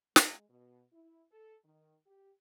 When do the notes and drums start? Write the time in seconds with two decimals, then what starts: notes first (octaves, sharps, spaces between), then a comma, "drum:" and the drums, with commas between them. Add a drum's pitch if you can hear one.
0.16 G#3, drum: snare
0.50 B2
0.93 E4
1.32 A4
1.65 D#3
2.07 G4